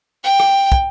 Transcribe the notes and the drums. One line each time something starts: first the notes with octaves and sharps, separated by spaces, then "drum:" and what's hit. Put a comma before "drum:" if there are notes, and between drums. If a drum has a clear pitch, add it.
G5
drum: rim click
drum: kick